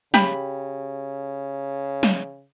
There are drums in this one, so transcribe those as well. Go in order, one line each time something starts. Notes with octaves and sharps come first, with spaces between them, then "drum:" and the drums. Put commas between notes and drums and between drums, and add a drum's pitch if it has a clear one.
C#3 G4 B5, drum: snare
drum: snare